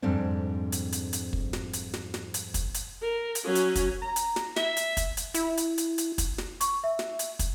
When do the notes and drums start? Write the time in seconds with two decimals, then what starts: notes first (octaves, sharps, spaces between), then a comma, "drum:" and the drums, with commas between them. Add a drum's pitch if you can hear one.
0.02 F2 G#2 G3 C4 D4
0.72 drum: hi-hat
0.92 drum: hi-hat
1.13 drum: hi-hat
1.33 drum: kick
1.53 drum: snare
1.73 drum: hi-hat
1.94 drum: snare
2.14 drum: snare
2.34 drum: hi-hat
2.54 drum: kick, hi-hat
2.74 drum: hi-hat
3.02 A#4
3.35 drum: hi-hat
3.44 F#3 C#4
3.55 drum: hi-hat
3.75 drum: kick, hi-hat
4.02 A#5
4.16 drum: hi-hat
4.36 drum: snare
4.56 E5, drum: snare
4.77 drum: hi-hat
4.97 drum: kick, hi-hat
5.17 drum: hi-hat
5.34 E4, drum: hi-hat
5.57 drum: hi-hat
5.78 drum: hi-hat
5.98 drum: hi-hat
6.18 drum: kick, hi-hat
6.38 drum: snare
6.61 C#6, drum: hi-hat
6.84 E5
6.99 drum: snare
7.19 drum: hi-hat
7.39 drum: kick, hi-hat